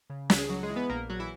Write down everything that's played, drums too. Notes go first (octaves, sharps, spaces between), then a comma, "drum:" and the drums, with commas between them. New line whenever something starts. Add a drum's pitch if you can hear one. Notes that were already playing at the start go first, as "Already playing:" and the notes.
C#3
C#2, drum: snare
G#4
C#2 F#3 F#4
G#3 G#4
E3
B3 B4
A#1 A#3 A#4
A#1 F#3 F#4
E3 E4